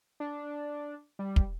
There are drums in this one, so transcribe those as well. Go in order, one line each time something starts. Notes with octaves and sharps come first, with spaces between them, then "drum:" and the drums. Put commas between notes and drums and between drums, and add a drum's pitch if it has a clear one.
D4
G3
drum: kick